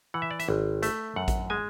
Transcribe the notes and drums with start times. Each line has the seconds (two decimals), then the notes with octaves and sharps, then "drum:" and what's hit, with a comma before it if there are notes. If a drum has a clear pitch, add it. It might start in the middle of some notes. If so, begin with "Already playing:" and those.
0.14 E3 F#5
0.22 E5
0.31 D5
0.40 E5, drum: hi-hat
0.49 G#1
0.82 A3 E5, drum: hi-hat
1.16 F#2 F#5
1.28 drum: kick A1, hi-hat
1.50 G#3 G#5